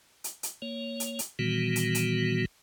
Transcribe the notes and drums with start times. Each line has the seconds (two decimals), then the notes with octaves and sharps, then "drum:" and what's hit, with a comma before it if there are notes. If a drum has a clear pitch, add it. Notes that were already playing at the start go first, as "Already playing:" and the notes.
0.24 drum: hi-hat
0.43 drum: hi-hat
0.62 A#3 C#5
1.00 drum: hi-hat
1.19 drum: hi-hat
1.39 A#2 D#3 E3 G3 B3 F#4
1.76 drum: hi-hat
1.95 drum: hi-hat